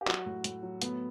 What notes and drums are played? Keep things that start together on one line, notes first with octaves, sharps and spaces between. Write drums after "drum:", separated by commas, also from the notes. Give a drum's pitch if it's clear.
G4
F#3 F#4, drum: clap
A2
A2, drum: hi-hat
F#3
A2 B3, drum: hi-hat